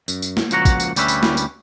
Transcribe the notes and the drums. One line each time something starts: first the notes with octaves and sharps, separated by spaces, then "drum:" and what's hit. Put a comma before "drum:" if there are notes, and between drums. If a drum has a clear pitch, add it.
F#2, drum: tambourine
drum: tambourine
drum: snare
C#2 A#2 F3 F#4 F#5 A#5, drum: tambourine
drum: kick, tambourine
drum: tambourine
D2 G3 C#4 B4 E5, drum: tambourine
drum: tambourine
drum: snare
drum: tambourine